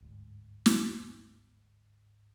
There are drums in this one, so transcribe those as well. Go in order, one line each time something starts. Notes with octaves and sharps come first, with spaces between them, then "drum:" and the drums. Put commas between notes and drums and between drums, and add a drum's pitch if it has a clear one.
G1 D2 G#2
drum: snare